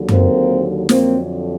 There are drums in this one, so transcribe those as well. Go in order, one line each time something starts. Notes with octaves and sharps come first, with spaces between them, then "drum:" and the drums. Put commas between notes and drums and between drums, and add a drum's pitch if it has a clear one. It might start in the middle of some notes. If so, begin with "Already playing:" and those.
Already playing: D#2 D3 F#3
A#3 C4, drum: tom F#2
F2 D3 F#3 A#3 C4, drum: snare